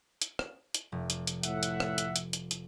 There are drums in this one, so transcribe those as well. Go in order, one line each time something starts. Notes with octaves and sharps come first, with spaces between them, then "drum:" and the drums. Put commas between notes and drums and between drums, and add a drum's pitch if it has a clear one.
drum: hi-hat
drum: rim click
drum: hi-hat
F1
drum: hi-hat
drum: hi-hat
A2 E5 F#5, drum: hi-hat
drum: hi-hat
drum: rim click
drum: hi-hat
drum: hi-hat
drum: hi-hat
drum: hi-hat